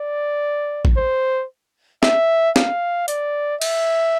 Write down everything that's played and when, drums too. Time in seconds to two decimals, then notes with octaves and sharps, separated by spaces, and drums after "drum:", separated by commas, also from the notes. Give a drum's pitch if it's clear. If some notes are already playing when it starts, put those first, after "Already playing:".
Already playing: D5
0.85 drum: kick
0.97 C5
2.03 E5, drum: snare
2.56 F5, drum: snare
3.08 D5, drum: hi-hat
3.62 E5, drum: cymbal